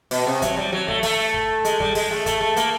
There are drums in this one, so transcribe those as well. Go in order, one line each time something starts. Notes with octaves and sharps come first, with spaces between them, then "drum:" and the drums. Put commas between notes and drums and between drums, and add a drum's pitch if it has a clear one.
B2, drum: open hi-hat
C3
F#3, drum: kick, hi-hat
G3
F#3
A3, drum: kick
A3, drum: open hi-hat
drum: kick
G#3, drum: hi-hat
G3, drum: kick
G#3, drum: open hi-hat
A3
A3, drum: kick, hi-hat
A3
A#3, drum: hi-hat